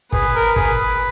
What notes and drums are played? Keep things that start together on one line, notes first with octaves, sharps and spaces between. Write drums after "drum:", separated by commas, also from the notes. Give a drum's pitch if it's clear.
G#4 B4, drum: kick
A#4
G#4, drum: kick